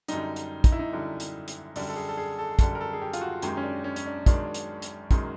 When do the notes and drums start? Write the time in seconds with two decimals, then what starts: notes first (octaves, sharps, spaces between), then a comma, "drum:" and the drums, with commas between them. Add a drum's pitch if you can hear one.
0.08 F#2 D3 G3 D#4, drum: hi-hat
0.36 drum: hi-hat
0.64 D#4, drum: kick, hi-hat
0.72 E4
0.79 D#4
0.92 F#2 D3 G3
1.20 drum: hi-hat
1.48 drum: hi-hat
1.76 F#2 D3 G3 D4, drum: open hi-hat
1.89 A4
1.96 G#4
2.09 A4
2.17 G#4
2.38 A4
2.59 F#2 D3 G3 A4, drum: kick, hi-hat
2.75 A#4
2.81 A4
2.93 G#4
3.02 G4
3.13 F4, drum: hi-hat
3.21 F#4
3.42 F#2 D#3 G#3 G4, drum: hi-hat
3.57 C#4
3.63 D4
3.84 C#4
3.96 C#4, drum: hi-hat
4.06 D4
4.26 F#2 D#3 G#3 D4, drum: kick, hi-hat
4.54 drum: hi-hat
4.82 drum: hi-hat
5.11 F#2 D#3 G#3, drum: kick, hi-hat